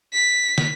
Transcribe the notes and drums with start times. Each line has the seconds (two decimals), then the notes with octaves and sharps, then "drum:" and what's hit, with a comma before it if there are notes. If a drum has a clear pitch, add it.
0.13 B6
0.58 drum: snare